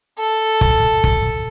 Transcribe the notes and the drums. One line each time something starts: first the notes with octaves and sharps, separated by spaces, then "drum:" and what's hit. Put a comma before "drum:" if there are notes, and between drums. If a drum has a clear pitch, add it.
A4
drum: kick
drum: kick